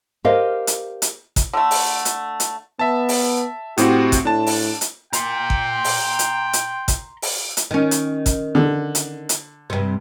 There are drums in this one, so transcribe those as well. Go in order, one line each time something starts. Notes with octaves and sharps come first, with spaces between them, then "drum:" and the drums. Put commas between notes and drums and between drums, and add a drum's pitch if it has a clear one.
G4 A#4 C5 D#5 F5
drum: hi-hat
drum: hi-hat
drum: kick, hi-hat
D3 A3
drum: open hi-hat
drum: hi-hat
drum: hi-hat
B3 E5 A5
drum: open hi-hat
A2 C4 F#4 G4, drum: hi-hat
drum: kick, hi-hat
A2 D4 A5
drum: open hi-hat
drum: hi-hat
G5 A#5 C6, drum: hi-hat
drum: kick
drum: open hi-hat
drum: hi-hat
drum: hi-hat
drum: kick, hi-hat
drum: open hi-hat
drum: hi-hat
D#3 C#4
drum: hi-hat
drum: kick, hi-hat
D3
drum: hi-hat
drum: hi-hat
G2 C3